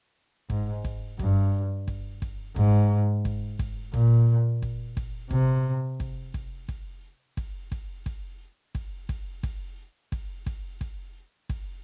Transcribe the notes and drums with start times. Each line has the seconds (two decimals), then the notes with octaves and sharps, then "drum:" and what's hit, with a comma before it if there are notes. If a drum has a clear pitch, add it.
0.50 G#2, drum: kick
0.84 drum: kick
1.19 G2, drum: kick
1.88 drum: kick
2.22 drum: kick
2.56 G#2, drum: kick
3.25 drum: kick
3.59 drum: kick
3.94 A#2, drum: kick
4.62 drum: kick
4.97 drum: kick
5.30 C3, drum: kick
6.00 drum: kick
6.34 drum: kick
6.68 drum: kick
7.37 drum: kick
7.72 drum: kick
8.06 drum: kick
8.75 drum: kick
9.09 drum: kick
9.43 drum: kick
10.12 drum: kick
10.46 drum: kick
10.81 drum: kick
11.49 drum: kick